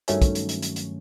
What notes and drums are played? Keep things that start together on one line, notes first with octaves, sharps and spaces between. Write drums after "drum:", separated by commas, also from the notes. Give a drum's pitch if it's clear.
G2 D#3 F#3 A3 C#4, drum: hi-hat
drum: kick, hi-hat
drum: hi-hat
drum: hi-hat
drum: hi-hat
drum: hi-hat